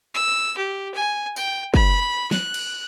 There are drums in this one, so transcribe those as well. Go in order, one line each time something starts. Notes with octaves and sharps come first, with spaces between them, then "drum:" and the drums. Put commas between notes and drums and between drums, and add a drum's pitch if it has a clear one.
E6
G4
G#5
G5, drum: tambourine
B5, drum: kick
F#6, drum: snare
drum: cymbal